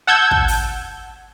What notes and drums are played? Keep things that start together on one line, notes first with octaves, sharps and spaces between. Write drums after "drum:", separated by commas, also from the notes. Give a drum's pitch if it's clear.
F#5 A5 E6 G6 G#6
drum: kick
drum: open hi-hat